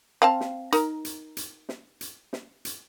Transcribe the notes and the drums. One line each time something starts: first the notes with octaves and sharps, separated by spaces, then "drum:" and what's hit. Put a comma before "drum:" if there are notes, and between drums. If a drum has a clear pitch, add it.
C4 F5 A5
drum: snare
D#4 A#4, drum: hi-hat
drum: hi-hat
drum: hi-hat
drum: snare
drum: hi-hat
drum: snare
drum: hi-hat